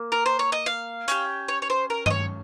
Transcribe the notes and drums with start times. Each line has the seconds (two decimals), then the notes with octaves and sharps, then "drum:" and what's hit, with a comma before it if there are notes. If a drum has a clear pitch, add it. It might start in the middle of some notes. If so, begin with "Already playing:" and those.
Already playing: A#3
0.12 A#4
0.26 C5
0.39 C#5
0.52 D#5
0.66 F5
1.08 C#4 G4, drum: hi-hat
1.48 C#5
1.62 C#5
1.70 C5
1.90 A#4
2.06 D#5, drum: tom G2
2.10 C#5